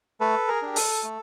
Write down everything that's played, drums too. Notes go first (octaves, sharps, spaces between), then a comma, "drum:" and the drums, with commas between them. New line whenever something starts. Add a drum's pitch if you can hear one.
A3 A4 B4
G#4 A#4
D4 G4
A4, drum: open hi-hat
A3